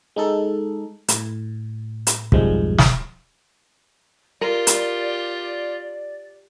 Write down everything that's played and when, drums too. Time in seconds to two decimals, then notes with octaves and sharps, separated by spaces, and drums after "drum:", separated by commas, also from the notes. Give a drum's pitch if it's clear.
0.16 G#3 D#4 A4
1.08 A2, drum: hi-hat
2.07 drum: hi-hat
2.32 B1 F2 G#2 F3 G3 G#3, drum: kick
2.79 drum: snare
4.41 F4 G4 A#4 D5
4.67 drum: hi-hat